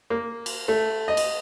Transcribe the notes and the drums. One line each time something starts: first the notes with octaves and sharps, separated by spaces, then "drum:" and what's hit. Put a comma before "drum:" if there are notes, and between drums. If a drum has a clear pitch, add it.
A#3
drum: cymbal
A3
D#5
drum: cymbal